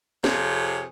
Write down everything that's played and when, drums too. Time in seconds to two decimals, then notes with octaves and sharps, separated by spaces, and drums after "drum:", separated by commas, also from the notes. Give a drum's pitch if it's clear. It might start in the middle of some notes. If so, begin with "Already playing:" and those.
0.24 F2 C3 F4 G#4 C#5, drum: snare